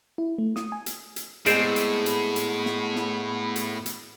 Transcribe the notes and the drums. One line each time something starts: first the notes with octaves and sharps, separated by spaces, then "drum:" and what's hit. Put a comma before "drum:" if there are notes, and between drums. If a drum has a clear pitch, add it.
E4
A3
D#6, drum: snare
G#5
drum: hi-hat
drum: hi-hat
A2 G#3 B3 C4 G#4 C5 D5, drum: hi-hat
drum: hi-hat
drum: hi-hat
drum: hi-hat
drum: snare
drum: snare
drum: hi-hat
drum: hi-hat